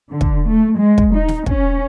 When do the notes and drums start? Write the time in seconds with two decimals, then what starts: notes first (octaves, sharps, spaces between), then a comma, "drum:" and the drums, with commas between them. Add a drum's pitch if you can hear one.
0.10 D3
0.21 drum: kick
0.47 A3
0.77 G#3
0.98 drum: kick
1.13 D#4
1.28 drum: snare
1.46 C#4, drum: kick